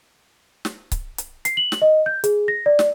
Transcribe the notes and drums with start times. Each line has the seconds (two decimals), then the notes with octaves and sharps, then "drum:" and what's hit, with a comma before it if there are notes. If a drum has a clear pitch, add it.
0.65 drum: snare
0.92 drum: kick C#1, hi-hat
1.18 drum: hi-hat
1.45 C7, drum: hi-hat
1.57 F#7
1.72 drum: snare
1.82 D#5
2.06 G6
2.24 G#4, drum: hi-hat
2.48 A#6
2.66 D5
2.79 drum: snare